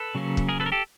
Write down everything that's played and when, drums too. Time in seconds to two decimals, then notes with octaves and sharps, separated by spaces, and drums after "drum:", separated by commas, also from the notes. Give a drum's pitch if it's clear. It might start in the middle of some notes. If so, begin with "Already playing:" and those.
Already playing: A4 B4
0.15 C#3 F#3 A#3 C#4
0.37 drum: kick
0.49 G#4 A#4
0.60 A4 B4
0.66 A#4
0.72 G4 A4